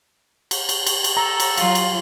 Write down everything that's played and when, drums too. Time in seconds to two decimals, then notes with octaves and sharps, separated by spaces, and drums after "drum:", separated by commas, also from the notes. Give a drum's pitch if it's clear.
0.51 drum: cymbal
0.69 drum: cymbal
0.86 drum: cymbal
1.04 drum: cymbal
1.17 A4 A#5
1.40 drum: cymbal
1.57 F#3 F4 F5, drum: cymbal
1.75 drum: cymbal